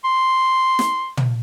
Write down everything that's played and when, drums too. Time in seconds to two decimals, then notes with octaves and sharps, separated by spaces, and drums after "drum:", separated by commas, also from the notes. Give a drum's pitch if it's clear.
0.04 C6
0.79 drum: snare
1.17 drum: tom